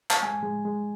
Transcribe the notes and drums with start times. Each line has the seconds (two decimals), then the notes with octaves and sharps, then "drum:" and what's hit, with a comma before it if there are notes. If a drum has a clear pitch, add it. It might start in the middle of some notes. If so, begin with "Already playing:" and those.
0.10 A5, drum: clap
0.23 G#3 G#5
0.43 G#3
0.65 G#3